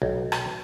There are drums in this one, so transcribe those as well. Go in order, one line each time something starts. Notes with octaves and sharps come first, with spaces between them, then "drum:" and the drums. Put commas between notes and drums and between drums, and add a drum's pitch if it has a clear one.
B1
drum: rim click